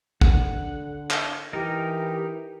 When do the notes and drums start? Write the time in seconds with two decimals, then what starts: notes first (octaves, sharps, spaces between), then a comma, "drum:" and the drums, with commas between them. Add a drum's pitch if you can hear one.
0.21 D3 F#5, drum: kick
1.11 drum: clap
1.53 E3 D#4 G4 A#4